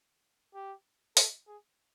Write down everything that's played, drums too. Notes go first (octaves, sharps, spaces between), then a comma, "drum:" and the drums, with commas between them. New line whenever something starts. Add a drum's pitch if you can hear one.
G4
A4, drum: open hi-hat
G#4